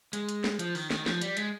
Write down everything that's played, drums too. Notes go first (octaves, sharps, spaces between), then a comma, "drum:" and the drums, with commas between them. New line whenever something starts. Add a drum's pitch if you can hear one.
G#3, drum: hi-hat
drum: hi-hat
drum: snare
F3, drum: hi-hat
D#3, drum: open hi-hat
D#3, drum: snare
F3, drum: snare
G3, drum: hi-hat
G#3, drum: hi-hat